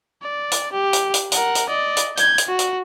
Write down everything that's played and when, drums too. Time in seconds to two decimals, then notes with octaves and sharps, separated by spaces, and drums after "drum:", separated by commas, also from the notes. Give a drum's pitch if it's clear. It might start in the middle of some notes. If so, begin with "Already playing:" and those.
0.22 D5
0.51 drum: hi-hat
0.72 G4
0.93 drum: hi-hat
1.14 drum: hi-hat
1.32 A#4 F#5, drum: hi-hat
1.55 drum: hi-hat
1.69 D5 D#5
1.96 drum: hi-hat
2.17 G6 G#6, drum: hi-hat
2.38 drum: hi-hat
2.47 F#4
2.59 drum: hi-hat